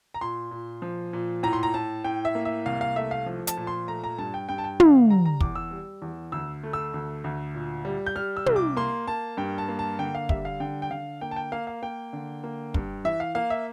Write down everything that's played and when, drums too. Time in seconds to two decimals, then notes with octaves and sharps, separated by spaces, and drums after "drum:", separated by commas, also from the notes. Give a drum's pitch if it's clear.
0.14 A#5
0.21 A#2 C6
0.51 A#2
0.82 F3
1.13 A#2
1.43 A2 A#5
1.53 C6
1.63 A#5
1.74 A2 A5
2.04 A2 G5
2.25 E5
2.35 A#3
2.45 E5
2.66 C2 F5
2.81 F5
2.96 A3 E5
3.11 F5
3.26 F3
3.47 A5, drum: hi-hat
3.57 A#2
3.67 C6
3.88 A3 A#5
4.04 A#5
4.18 G2 A5
4.34 G5
4.49 G2 G5
4.58 A5
4.64 G5
4.80 D3 F5, drum: tom
4.95 F5
5.10 G3 A#5
5.25 A#5
5.41 E2 D6, drum: kick
5.55 E6
5.71 G3
6.02 E2
6.32 D2 E6
6.63 A3
6.73 E6
6.94 D2
7.24 D2
7.54 A#2
7.85 G3
8.06 G6
8.16 G3 F6
8.37 E6
8.46 C2, drum: tom
8.56 D6
8.77 A#3 C6
9.08 A#3 A5
9.37 G2 G5
9.58 A5
9.69 A#3
9.79 A5
9.99 D3 G5
10.15 F5
10.29 G3 E5, drum: kick
10.45 F5
10.60 D3 G5
10.82 G5
10.90 D3 F5
11.21 A#3 G5
11.31 A5
11.36 G5
11.52 A#3 F5
11.67 F5
11.82 A#3 G5
12.13 D3
12.44 A#3
12.74 G2, drum: kick
13.05 E3 E5
13.20 F5
13.35 A#3 F5
13.50 E5